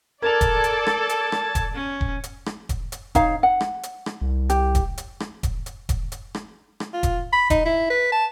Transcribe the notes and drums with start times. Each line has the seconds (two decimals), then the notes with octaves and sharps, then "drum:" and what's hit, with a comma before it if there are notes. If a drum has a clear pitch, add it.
0.22 A4 A#4 D5 A5 G#6 F7
0.41 drum: kick E1, hi-hat
0.64 drum: hi-hat
0.87 drum: rim click
1.09 drum: hi-hat
1.32 drum: rim click
1.55 drum: kick E1, hi-hat
1.74 C#4
2.01 drum: kick E1
2.24 drum: hi-hat
2.46 drum: rim click
2.69 drum: kick E1, hi-hat
2.92 drum: hi-hat
3.15 D#4 C#5 F5, drum: kick E1, hi-hat
3.43 F#5
3.61 drum: rim click
3.83 drum: hi-hat
4.06 drum: rim click
4.21 C2
4.50 G4, drum: hi-hat
4.75 drum: kick E1, hi-hat
4.98 drum: hi-hat
5.20 drum: rim click
5.43 drum: kick E1, hi-hat
5.66 drum: hi-hat
5.89 drum: kick E1, hi-hat
6.12 drum: hi-hat
6.35 drum: rim click
6.80 drum: rim click
6.93 F4
7.03 drum: kick E1, hi-hat
7.33 B5
7.50 D#4, drum: kick E1, hi-hat
7.65 E4
7.90 B4
8.12 A5